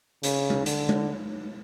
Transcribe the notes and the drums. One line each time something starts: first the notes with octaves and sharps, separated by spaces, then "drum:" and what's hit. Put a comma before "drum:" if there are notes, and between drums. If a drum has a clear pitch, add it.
C#3, drum: hi-hat
drum: tom G#3
D3, drum: hi-hat
drum: tom G#3